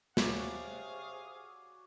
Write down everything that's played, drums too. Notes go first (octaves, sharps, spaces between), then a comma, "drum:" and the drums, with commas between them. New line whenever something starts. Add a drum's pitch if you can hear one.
C3 F#4 G#4 C#5 D5 F5, drum: snare